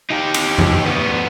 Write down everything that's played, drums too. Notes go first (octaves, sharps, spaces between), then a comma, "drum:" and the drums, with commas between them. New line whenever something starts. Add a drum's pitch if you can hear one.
D#4 G4
drum: cymbal
drum: tom E2
D2 B3